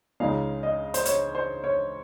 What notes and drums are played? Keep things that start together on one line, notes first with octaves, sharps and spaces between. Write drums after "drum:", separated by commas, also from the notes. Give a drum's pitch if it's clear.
C#2 C#3 G#3 D#4 F5
D#5
C5, drum: hi-hat
C#5, drum: hi-hat
C5
C#5